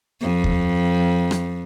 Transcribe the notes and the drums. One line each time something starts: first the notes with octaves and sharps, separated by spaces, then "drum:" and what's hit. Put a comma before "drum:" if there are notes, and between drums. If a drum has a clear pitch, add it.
F2
drum: kick D#2
drum: rim click